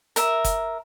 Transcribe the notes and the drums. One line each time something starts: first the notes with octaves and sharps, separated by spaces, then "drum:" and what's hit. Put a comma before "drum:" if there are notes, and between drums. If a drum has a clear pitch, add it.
A#4 E5, drum: hi-hat
drum: kick F#1, hi-hat